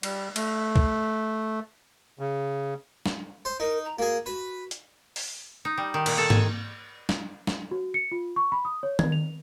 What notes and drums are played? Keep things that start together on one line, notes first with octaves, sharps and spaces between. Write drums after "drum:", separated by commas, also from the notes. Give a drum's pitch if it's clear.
G3, drum: cymbal
A3, drum: cymbal
drum: kick C2
C#3
drum: snare
C5
D#4 A#4
A#5
A#3 F#4 G#4
F#4 B4
drum: hi-hat
drum: open hi-hat
D#4
G3
D#3
A#2, drum: cymbal
A4
G#5, drum: tom G#2
drum: snare
drum: snare
F#4
C#7
F4
C#6
B5
D#6
C#5
G#6, drum: tom D#3
F7